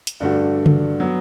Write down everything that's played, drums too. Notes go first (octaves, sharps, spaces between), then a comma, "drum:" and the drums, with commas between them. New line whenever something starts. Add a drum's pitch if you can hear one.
drum: hi-hat
G2 D3 A3 D4 F#4
drum: tom C#3
F#3 B3